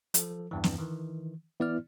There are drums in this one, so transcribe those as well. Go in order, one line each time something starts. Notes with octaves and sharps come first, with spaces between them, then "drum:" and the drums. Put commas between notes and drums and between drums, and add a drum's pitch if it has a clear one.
F3 A4, drum: hi-hat
E2 G2 E3
drum: snare
D#3 E3
E3 B3 E4 D5 F6